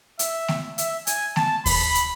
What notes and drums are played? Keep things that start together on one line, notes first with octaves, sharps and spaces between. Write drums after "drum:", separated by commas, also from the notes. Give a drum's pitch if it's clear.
E5, drum: hi-hat
drum: snare A3
E5, drum: hi-hat
G#5, drum: hi-hat
A5, drum: snare A3
B5, drum: kick D#2, open hi-hat
drum: hi-hat